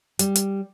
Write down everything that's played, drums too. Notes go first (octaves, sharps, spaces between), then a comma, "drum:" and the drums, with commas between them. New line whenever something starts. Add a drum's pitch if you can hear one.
G3, drum: hi-hat
drum: hi-hat